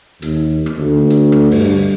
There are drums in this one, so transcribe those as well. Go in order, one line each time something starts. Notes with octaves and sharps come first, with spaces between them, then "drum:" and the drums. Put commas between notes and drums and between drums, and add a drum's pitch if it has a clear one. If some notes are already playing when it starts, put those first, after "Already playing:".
D#2, drum: hi-hat
drum: rim click
D2
drum: hi-hat
drum: rim click
G2, drum: open hi-hat